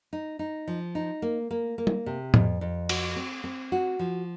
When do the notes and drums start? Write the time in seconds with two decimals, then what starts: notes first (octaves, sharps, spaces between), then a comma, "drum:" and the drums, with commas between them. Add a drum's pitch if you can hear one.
0.13 D#4
0.39 D#4
0.67 F3
0.95 D#4
1.22 A#3
1.51 A#3
1.78 A#3
1.87 drum: tom
2.06 C3
2.34 F2, drum: tom A2
2.61 F2
2.89 F#4, drum: cymbal
3.16 C4
3.44 C4
3.72 F#4
3.99 F3